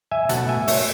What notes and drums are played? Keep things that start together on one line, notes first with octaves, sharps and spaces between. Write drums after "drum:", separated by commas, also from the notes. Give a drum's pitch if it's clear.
E5 G#5
B2 F#3 A3 C#4 F#5 A5, drum: hi-hat
E5 G#5
C#5 E5, drum: open hi-hat